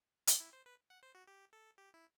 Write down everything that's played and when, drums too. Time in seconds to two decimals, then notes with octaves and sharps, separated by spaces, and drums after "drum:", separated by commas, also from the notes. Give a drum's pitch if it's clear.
0.27 D5, drum: hi-hat
0.40 E4
0.53 C5
0.66 B4
0.90 F#5
1.03 C5
1.15 F#4
1.27 G4
1.53 A4
1.78 G4
1.94 E4